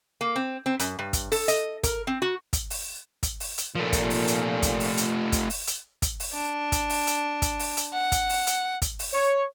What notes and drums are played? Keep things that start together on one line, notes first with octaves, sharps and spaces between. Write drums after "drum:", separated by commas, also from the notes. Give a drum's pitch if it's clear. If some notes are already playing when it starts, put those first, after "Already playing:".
A#3
C4
C4
F#2, drum: hi-hat
G2
drum: kick, hi-hat
A4, drum: open hi-hat
D#5, drum: hi-hat
A#4, drum: kick, hi-hat
C4
F#4
drum: kick, hi-hat
drum: open hi-hat
drum: kick, hi-hat
drum: open hi-hat
drum: hi-hat
A#2 F3 A3
drum: kick, hi-hat
drum: open hi-hat
drum: hi-hat
drum: kick, hi-hat
drum: open hi-hat
drum: hi-hat
drum: kick, hi-hat
drum: open hi-hat
drum: hi-hat
drum: kick, hi-hat
drum: open hi-hat
D4
drum: kick, hi-hat
drum: open hi-hat
drum: hi-hat
drum: kick, hi-hat
drum: open hi-hat
drum: hi-hat
F#5
drum: kick, hi-hat
drum: open hi-hat
drum: hi-hat
drum: kick, hi-hat
drum: open hi-hat
C#5